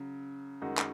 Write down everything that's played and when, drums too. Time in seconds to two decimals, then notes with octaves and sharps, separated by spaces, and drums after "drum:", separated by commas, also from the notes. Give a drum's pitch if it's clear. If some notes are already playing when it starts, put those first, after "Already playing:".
Already playing: C#3 F#3
0.62 F#2 D#3 G#3 D#4 F#4
0.78 drum: clap